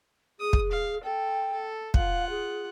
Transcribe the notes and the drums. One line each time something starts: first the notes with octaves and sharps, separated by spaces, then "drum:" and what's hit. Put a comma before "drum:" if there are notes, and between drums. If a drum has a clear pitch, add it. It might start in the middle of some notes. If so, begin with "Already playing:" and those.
G#4 D#6
drum: kick
F5
A4 G5
A4
F4 F5 F#5, drum: kick
G#4